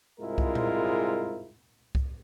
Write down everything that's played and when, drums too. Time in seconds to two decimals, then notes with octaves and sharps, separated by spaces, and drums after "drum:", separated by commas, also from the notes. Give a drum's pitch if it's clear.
0.21 C2 G#2 G#3 E4 F4 A#4
0.38 drum: kick C2
0.55 drum: tom A#2
1.95 drum: kick C2